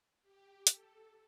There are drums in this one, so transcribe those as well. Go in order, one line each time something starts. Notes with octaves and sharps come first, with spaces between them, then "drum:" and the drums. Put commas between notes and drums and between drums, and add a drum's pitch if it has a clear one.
G4
A4, drum: hi-hat